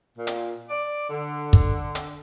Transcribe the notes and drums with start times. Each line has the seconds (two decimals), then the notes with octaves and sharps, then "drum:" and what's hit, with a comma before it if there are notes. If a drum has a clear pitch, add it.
0.18 A#2
0.27 drum: hi-hat
0.69 D5
1.09 D3
1.53 drum: kick
1.95 drum: hi-hat